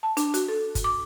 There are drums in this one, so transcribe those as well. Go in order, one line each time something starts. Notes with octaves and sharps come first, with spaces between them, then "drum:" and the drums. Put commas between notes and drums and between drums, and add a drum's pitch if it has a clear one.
A5
D4, drum: hi-hat
F#4, drum: hi-hat
A4
drum: kick, hi-hat
D6